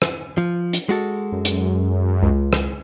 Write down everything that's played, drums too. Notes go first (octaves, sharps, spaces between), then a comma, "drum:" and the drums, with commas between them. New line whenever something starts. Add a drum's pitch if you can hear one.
drum: rim click
F3
drum: hi-hat
G#3 F#4 A4
F#2
drum: hi-hat
C#2
drum: rim click